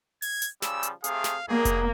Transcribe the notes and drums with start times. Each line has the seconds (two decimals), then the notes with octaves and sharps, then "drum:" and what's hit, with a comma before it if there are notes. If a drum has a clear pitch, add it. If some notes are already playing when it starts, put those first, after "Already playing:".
0.22 G#6, drum: open hi-hat
0.42 drum: hi-hat
0.62 C#3 F3 G3 E6, drum: snare
0.83 drum: hi-hat
1.04 C3 A3 G#4 F5, drum: hi-hat
1.24 drum: snare
1.49 G2 F#3 A#3 D#4 G#4
1.65 drum: kick F1, hi-hat